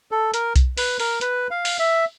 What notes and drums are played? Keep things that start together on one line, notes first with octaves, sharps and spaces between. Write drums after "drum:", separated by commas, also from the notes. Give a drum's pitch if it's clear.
A4
A#4, drum: hi-hat
drum: kick B1, hi-hat
B4, drum: open hi-hat
A#4, drum: open hi-hat
B4, drum: hi-hat
F5
drum: open hi-hat
E5